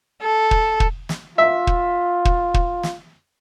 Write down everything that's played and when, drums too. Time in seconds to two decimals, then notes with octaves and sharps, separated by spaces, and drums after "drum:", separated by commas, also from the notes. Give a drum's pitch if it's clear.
0.23 A4
0.51 drum: kick
0.80 drum: kick
1.09 drum: snare
1.38 F4 E5
1.67 drum: kick
2.25 drum: kick
2.54 drum: kick
2.83 drum: snare